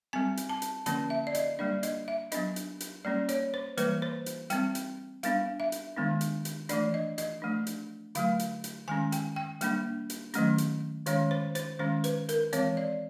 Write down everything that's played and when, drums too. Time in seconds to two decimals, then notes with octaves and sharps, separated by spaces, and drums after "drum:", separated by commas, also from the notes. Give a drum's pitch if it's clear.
0.13 G3 C4 G#5
0.37 drum: hi-hat
0.49 A5
0.62 drum: hi-hat
0.86 D3 F3 A#3 C#4 A5, drum: hi-hat
1.10 E5
1.27 D5
1.35 D#5, drum: hi-hat
1.59 G3 A#3 D4 D5
1.83 D#5, drum: hi-hat
2.08 E5
2.32 F#3 B3 D4 D#5, drum: hi-hat
2.56 drum: hi-hat
2.80 drum: hi-hat
3.05 G3 A#3 C#4 D5
3.29 C#5, drum: hi-hat
3.54 C5
3.77 E3 G3 A#3 B4, drum: hi-hat
4.02 C5
4.26 drum: hi-hat
4.50 G3 C4 G5, drum: hi-hat
4.75 drum: hi-hat
5.23 G3 B3 D4 F5, drum: hi-hat
5.60 E5
5.72 drum: hi-hat
5.97 D#3 G#3 B3 D4
6.21 drum: hi-hat
6.45 drum: hi-hat
6.69 E3 A3 D4 D5, drum: hi-hat
6.94 D#5
7.18 D#5, drum: hi-hat
7.42 F3 A3 D4
7.67 drum: hi-hat
8.15 D3 F#3 A3 F5, drum: hi-hat
8.39 drum: hi-hat
8.64 drum: hi-hat
8.88 D#3 G#3 C#4 G#5
9.12 G5, drum: hi-hat
9.36 G5
9.61 G3 A#3 D4, drum: hi-hat
10.10 drum: hi-hat
10.34 D#3 F#3 A3 C#4, drum: hi-hat
10.58 drum: hi-hat
11.06 D#3 G#3 C#4 C#5, drum: hi-hat
11.31 C5
11.55 C5, drum: hi-hat
11.79 D#3 G#3 C#4 C5
12.04 B4, drum: hi-hat
12.29 A#4, drum: hi-hat
12.53 E3 G#3 C4 C#5, drum: hi-hat
12.77 D5